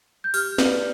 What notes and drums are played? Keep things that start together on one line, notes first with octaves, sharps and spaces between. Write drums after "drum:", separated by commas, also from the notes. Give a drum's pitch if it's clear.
G6
G4 F6, drum: open hi-hat
B4 D5, drum: snare